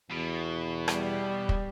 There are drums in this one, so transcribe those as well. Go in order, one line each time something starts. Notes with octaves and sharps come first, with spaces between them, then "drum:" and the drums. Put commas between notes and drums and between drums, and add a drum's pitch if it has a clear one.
E2 B2
G3, drum: rim click
drum: kick